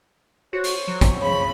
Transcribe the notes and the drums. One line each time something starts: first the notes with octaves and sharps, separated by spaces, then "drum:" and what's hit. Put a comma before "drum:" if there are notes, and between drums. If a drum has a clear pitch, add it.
F#4 C5 C#5
drum: hi-hat
F#3
drum: kick, hi-hat
C#3 B5